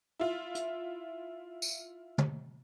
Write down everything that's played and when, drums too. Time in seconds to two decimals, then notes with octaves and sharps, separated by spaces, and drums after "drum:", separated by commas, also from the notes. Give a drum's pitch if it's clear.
0.20 E4 F4
0.55 drum: hi-hat
1.62 drum: tambourine
2.18 drum: tom